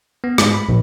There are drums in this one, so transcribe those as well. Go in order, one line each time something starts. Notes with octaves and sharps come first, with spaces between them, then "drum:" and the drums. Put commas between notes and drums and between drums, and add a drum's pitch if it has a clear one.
B3
G#2, drum: rim click
B5
A#1